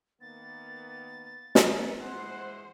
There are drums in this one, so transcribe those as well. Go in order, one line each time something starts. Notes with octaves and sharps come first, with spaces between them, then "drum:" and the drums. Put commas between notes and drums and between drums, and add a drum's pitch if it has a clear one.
D#3 A#3 B3 A6
drum: snare
E3 G#3 C5 F#5